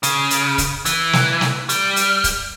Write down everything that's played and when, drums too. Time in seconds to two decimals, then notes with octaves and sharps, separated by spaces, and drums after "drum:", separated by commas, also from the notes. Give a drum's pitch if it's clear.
0.03 C#3, drum: hi-hat
0.30 drum: hi-hat
0.58 drum: kick, hi-hat
0.85 E3, drum: hi-hat
1.13 drum: snare
1.41 drum: snare
1.69 G3, drum: hi-hat
1.96 drum: hi-hat
2.24 drum: kick, hi-hat